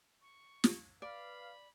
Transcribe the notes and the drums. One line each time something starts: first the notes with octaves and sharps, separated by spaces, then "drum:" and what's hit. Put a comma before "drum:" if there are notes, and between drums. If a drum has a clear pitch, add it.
C#6
drum: snare
B4 D5 F5 B5